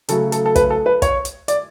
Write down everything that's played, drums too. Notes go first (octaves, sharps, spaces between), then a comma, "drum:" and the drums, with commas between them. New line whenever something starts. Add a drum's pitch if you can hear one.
C#3 F#3 A3 A4, drum: hi-hat
A4, drum: hi-hat
A4
B4, drum: kick, hi-hat
A4
B4
C#5, drum: kick, hi-hat
drum: hi-hat
D5, drum: hi-hat